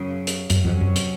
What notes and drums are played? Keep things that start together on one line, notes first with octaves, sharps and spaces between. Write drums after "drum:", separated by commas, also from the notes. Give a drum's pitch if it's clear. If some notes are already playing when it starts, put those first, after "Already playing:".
Already playing: F#2 C#3 F#3
drum: hi-hat
F#2 C3 F#3 C#4, drum: hi-hat
F2
F#2
drum: hi-hat